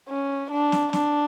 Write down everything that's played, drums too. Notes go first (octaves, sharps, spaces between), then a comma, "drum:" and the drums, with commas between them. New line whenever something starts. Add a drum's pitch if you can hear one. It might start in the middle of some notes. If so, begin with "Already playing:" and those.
C#4
D4
drum: snare
D4, drum: snare